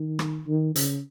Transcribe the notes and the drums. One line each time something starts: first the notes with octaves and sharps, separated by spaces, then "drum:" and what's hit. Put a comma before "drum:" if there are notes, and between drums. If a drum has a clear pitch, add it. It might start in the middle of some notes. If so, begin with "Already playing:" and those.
Already playing: D#3
drum: rim click
D#3
C#3, drum: hi-hat